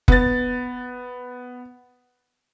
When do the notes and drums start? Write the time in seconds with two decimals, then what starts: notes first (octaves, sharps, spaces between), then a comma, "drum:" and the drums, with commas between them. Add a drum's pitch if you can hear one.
0.08 B3 A6, drum: kick